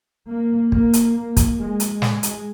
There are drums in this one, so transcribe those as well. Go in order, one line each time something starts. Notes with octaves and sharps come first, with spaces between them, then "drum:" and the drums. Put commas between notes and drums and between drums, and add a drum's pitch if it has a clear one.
A#3
A#3, drum: kick
drum: hi-hat
A#3
drum: kick, hi-hat
G#3
drum: hi-hat
G#3, drum: snare
drum: hi-hat